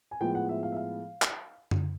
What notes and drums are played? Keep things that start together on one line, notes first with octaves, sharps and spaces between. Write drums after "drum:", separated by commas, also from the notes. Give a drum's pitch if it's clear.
G#5
A2 F3 G#3 B3 G5
F#5
E5
F5
E5
F5
drum: clap
drum: tom F#2